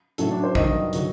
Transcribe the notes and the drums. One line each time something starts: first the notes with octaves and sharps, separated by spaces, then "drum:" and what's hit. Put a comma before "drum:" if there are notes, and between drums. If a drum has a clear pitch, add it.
A2 F#3 A4, drum: hi-hat
D4
C5
G2 D#3 F#3 D#5, drum: kick A#1
D3 F#3, drum: hi-hat